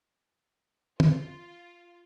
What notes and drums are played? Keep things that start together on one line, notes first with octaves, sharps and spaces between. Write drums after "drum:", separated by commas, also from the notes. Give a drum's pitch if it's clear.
F4, drum: tom